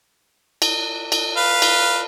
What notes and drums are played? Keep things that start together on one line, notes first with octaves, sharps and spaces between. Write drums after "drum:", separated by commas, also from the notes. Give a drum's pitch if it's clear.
drum: cymbal
drum: cymbal
B4 F5
drum: cymbal